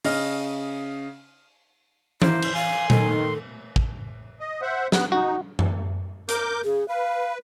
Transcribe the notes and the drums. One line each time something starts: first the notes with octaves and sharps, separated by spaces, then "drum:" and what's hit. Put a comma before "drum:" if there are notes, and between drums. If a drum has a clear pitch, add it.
C#3 D#5 F6, drum: open hi-hat
A#3 E4 C5, drum: tom E3
drum: cymbal
F5 G#5 C6
D#3 A4, drum: tom A#2
drum: kick
D#5
C5 E5 F#5
B3 F#6, drum: snare
D#4 F#4
drum: tom F#2
A#4 D6 G6, drum: hi-hat
C#3 G#4
B4 F5